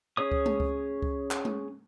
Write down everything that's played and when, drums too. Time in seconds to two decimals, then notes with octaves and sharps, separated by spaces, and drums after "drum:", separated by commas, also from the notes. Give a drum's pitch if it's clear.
0.17 C#4 G#4 C#5 D#6
0.32 drum: kick C#2
0.46 drum: tom G#3
0.60 drum: kick C#2
1.02 drum: kick C#2
1.31 drum: clap
1.45 drum: tom G#3